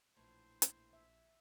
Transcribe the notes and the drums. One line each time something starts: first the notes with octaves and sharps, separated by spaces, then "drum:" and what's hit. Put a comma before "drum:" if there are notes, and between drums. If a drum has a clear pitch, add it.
A#1 A2 E3 E4 C5 G#6
drum: hi-hat
E5